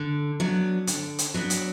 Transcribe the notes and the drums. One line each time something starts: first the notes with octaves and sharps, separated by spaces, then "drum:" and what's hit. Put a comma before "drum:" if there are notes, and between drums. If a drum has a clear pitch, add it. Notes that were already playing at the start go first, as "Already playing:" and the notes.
Already playing: D3
F#3 B3 D4
D3, drum: hi-hat
drum: hi-hat
F#3 B3 D4
drum: hi-hat